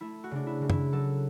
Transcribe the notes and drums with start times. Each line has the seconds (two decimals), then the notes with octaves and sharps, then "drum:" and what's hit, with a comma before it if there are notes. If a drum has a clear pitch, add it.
0.01 A3 E4
0.24 F#4
0.31 C#3 D4
0.47 E4
0.62 C#3
0.70 E4, drum: tom F#2
0.93 F#3 A4